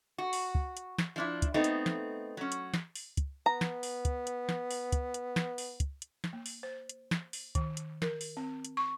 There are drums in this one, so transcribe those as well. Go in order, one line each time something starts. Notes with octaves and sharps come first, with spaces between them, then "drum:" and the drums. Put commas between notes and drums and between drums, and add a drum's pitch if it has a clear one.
F#4
drum: open hi-hat
drum: kick
drum: hi-hat
drum: snare
F3 D4 E4
drum: kick, hi-hat
A3 B3 C4 D#4
drum: hi-hat
drum: snare
F#3 C#4
drum: hi-hat
drum: snare
drum: open hi-hat
drum: kick, hi-hat
B3 A#5
drum: snare
drum: open hi-hat
drum: kick, hi-hat
drum: hi-hat
drum: snare
drum: open hi-hat
drum: kick, hi-hat
drum: hi-hat
drum: snare
drum: open hi-hat
drum: kick, hi-hat
drum: hi-hat
drum: snare
A#3
drum: open hi-hat
C5
drum: hi-hat
drum: snare
drum: open hi-hat
D#3, drum: kick, hi-hat
drum: hi-hat
A#4, drum: snare
drum: open hi-hat
C4
drum: hi-hat
C#6